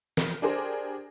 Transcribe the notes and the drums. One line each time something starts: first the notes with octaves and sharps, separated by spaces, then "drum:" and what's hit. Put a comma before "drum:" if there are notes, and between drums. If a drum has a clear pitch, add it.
A#4, drum: snare
D4 G4 G#4 A#4 C5